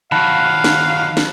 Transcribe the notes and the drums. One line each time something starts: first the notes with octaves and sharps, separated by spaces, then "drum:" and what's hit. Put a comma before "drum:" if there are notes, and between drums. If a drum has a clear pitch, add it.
D#3 F#3 F5 F#5 A5 B5
drum: snare
drum: snare